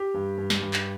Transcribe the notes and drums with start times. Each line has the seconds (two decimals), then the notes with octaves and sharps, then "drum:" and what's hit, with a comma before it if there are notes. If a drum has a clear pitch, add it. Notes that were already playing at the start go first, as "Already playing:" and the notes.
Already playing: G4
0.14 G2
0.38 G2
0.50 drum: snare
0.62 G2
0.73 drum: clap